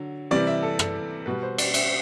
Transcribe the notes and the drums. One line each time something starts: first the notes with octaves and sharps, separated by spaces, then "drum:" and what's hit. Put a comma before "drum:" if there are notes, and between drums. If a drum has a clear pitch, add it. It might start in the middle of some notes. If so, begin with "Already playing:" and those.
Already playing: D3 F#3
C3 E3 G3 D5
E5
A4
A4, drum: rim click
B2 G3 B4
C5
D5, drum: cymbal
E5, drum: cymbal